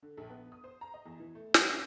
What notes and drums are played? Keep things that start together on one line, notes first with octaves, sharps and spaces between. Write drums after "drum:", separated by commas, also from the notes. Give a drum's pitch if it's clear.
D3
A#1
B3
D#6
C5
A#5
D#5
E2
E3
A3
G4, drum: snare
F#2